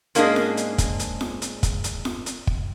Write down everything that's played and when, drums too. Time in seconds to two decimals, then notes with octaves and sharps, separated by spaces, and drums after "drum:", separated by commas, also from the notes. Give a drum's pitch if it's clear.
0.15 G#2 A#3 C#4 D4 G#4 D#5, drum: hi-hat
0.36 drum: snare F4
0.57 drum: hi-hat
0.78 drum: kick, hi-hat
1.00 drum: hi-hat
1.21 drum: snare F4
1.42 drum: hi-hat
1.63 drum: kick, hi-hat
1.84 drum: hi-hat
2.05 drum: snare F4
2.26 drum: hi-hat
2.47 drum: kick